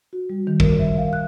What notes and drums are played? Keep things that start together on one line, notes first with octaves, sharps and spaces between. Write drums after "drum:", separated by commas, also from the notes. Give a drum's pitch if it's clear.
F#4
G3
D#3
A#4, drum: kick
E5
F5
F#6